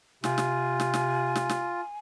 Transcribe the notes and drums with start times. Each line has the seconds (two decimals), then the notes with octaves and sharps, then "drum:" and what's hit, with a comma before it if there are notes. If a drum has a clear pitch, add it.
0.24 C3 F4 G#5, drum: snare
0.38 drum: snare
0.80 drum: snare
0.94 drum: snare
1.36 drum: snare
1.49 drum: snare